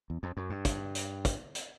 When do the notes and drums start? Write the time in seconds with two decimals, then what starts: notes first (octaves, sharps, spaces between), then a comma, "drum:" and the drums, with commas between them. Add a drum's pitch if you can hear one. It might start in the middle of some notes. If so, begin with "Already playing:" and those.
0.10 E2
0.23 F2
0.37 F#2
0.50 G2
0.65 drum: kick, hi-hat
0.95 drum: hi-hat
1.25 drum: kick, hi-hat
1.55 drum: hi-hat